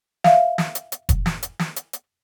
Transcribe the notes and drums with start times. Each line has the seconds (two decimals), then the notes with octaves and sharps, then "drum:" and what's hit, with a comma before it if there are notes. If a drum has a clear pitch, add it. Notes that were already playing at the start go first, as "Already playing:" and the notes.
0.24 E5 F5, drum: snare
0.58 drum: snare
0.75 drum: hi-hat
0.92 drum: hi-hat
1.09 drum: kick, hi-hat
1.26 drum: snare
1.43 drum: hi-hat
1.59 drum: snare
1.76 drum: hi-hat
1.93 drum: hi-hat